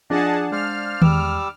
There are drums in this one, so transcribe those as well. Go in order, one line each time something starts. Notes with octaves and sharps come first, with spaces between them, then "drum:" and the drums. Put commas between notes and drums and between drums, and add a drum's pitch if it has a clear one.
F3 D4 F4 G#4 D5 D#5 F#5 A5
G#3 C5 D5 F5 F6
E2 G3 G#3 D6 E6, drum: tom D#3